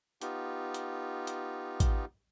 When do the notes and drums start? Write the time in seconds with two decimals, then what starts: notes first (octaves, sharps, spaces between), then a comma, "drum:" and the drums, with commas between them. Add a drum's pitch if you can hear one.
0.22 B3 D#4 F4 G4, drum: hi-hat
0.74 drum: hi-hat
1.27 drum: hi-hat
1.80 drum: kick, hi-hat